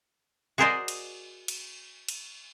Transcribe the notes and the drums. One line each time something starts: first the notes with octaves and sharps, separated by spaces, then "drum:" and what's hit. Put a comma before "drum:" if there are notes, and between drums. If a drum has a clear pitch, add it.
F#4 G#4 A#4 C5 D5 D#5
drum: cymbal
drum: cymbal
drum: cymbal